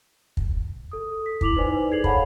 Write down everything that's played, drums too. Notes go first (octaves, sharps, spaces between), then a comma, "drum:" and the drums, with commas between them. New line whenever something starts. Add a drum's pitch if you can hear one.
drum: kick
A4 D#6
B6
E4 D6 F7 F#7, drum: kick
D#4 B4 C5 D5 G#5
G#4 A4 G#6 C7 F7 F#7
C#5 F5 F#5 A5 B5, drum: kick